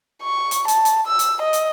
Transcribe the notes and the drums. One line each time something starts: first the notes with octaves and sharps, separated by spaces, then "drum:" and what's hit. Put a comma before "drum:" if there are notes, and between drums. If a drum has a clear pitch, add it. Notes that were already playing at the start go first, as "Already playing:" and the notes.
C#6
drum: hi-hat
A5, drum: hi-hat
drum: hi-hat
E6
drum: hi-hat
D#5
drum: hi-hat